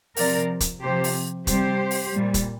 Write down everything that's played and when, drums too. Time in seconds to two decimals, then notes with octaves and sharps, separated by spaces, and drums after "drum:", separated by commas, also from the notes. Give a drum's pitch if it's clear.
0.17 C3 F3 A#4 D5, drum: open hi-hat
0.60 drum: kick, hi-hat
0.82 C3 F3 G4 C5
1.04 drum: open hi-hat
1.47 C3 G3 G4 C5, drum: kick, hi-hat
1.91 drum: open hi-hat
2.13 A#2 G3
2.34 drum: kick, hi-hat